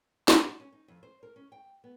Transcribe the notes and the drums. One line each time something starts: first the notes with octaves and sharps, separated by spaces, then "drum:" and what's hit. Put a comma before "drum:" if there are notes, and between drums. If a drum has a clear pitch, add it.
drum: snare
F#4
C#4
D#4
F2
C5
A#4
C#4
G5
B3